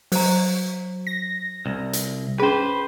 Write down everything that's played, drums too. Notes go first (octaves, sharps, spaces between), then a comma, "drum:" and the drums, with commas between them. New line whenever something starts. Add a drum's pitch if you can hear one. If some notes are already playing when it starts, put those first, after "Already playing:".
F#3 C5 A#5, drum: open hi-hat
A#6
C2
drum: hi-hat
C#4 F4 G#4 B4 C5